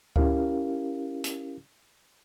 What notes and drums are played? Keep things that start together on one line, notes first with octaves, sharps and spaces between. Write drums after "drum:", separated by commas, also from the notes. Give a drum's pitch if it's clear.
C#4 E4 G4 A#4 F5, drum: kick C#2
drum: hi-hat